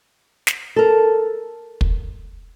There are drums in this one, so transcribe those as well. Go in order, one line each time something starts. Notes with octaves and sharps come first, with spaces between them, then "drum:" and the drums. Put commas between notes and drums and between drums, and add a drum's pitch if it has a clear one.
drum: snare
A4 A#4
drum: kick